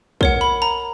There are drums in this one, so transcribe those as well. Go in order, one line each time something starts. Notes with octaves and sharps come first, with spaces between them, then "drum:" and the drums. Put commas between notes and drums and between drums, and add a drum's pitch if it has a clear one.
A#4 C#5 F#5, drum: kick
B5
A#5